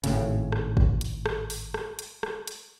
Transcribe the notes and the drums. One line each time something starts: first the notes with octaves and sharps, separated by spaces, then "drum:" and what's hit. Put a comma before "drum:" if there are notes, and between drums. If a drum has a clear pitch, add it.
G#1 A2 C#3, drum: hi-hat
drum: rim click
drum: kick G#1
drum: hi-hat
drum: rim click
drum: open hi-hat
drum: rim click
drum: hi-hat
drum: rim click
drum: hi-hat